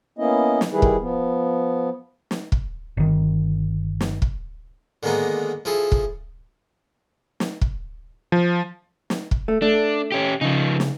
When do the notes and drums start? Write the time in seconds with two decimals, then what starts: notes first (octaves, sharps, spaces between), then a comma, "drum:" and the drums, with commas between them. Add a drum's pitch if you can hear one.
0.18 A#3 B3 C#4 E4 D#5
0.61 drum: snare
0.72 D#3 G3 E4 G#4 B4
0.82 drum: kick
1.01 F3 B3
2.31 drum: snare
2.52 drum: kick
2.97 G1 D#3
4.01 drum: snare
4.22 drum: kick
5.03 D3 D#3 G#3 A#3 B3 D#4
5.65 F3 E4 G#4 A4
5.92 drum: kick
7.40 drum: snare
7.61 drum: kick
8.32 F3
9.10 drum: snare
9.31 drum: kick
9.48 A3
9.62 A3 D4
10.12 C#4 G4
10.41 C#3 F3 D#4
10.80 drum: snare